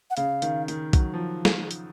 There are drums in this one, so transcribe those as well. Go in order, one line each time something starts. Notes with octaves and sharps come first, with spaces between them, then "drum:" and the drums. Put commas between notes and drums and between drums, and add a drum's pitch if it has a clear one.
F#5
C#3 F5, drum: hi-hat
D#3, drum: hi-hat
D#3, drum: hi-hat
F#3, drum: kick B1, hi-hat
F3
drum: snare
drum: hi-hat